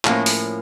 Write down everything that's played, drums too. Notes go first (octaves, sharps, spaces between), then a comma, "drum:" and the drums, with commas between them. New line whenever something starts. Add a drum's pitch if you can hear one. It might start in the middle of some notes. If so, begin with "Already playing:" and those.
A2 F3 A#3 C#4, drum: clap
drum: open hi-hat